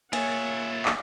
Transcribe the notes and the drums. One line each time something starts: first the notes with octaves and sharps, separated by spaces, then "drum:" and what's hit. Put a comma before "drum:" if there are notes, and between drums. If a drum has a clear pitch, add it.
A#3 F4 G#4 C#5 E5 F#5 A6, drum: cymbal
drum: clap